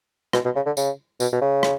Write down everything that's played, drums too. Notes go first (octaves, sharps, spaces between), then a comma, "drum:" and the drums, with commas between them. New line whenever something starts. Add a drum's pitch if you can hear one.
B2, drum: rim click
B2
C#3
D3
C#3, drum: tambourine
B2, drum: tambourine
B2
C#3
drum: rim click